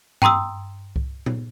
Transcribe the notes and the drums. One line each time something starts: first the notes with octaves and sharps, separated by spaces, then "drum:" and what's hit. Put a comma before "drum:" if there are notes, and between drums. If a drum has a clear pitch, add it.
G5 A#5 C6 D#6 E6, drum: tom G2
drum: kick C2
drum: tom A#2